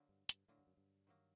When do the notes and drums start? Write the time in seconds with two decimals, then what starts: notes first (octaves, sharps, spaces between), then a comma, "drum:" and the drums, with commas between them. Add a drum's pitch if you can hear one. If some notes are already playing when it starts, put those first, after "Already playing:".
Already playing: D3 F#3 A#3
0.09 G2
0.29 G2, drum: hi-hat
0.48 A2 D3 F#3 A#3
0.58 G2
0.67 F#2
0.77 G2
1.07 D#3 F#3 A#3